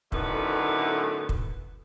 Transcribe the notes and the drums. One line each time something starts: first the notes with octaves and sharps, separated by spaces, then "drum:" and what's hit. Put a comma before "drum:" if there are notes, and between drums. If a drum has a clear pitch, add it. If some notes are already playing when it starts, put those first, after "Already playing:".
F#2 A2 D3 D#3 A3 B3, drum: kick
drum: kick